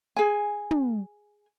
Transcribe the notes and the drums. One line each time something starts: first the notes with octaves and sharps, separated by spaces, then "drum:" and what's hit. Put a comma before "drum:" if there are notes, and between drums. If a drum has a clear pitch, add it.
G#4 G#5
drum: tom